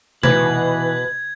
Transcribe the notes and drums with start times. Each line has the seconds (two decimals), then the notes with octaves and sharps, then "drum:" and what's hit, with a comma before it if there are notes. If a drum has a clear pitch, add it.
0.23 B2 E3 B4 G#6, drum: tom C3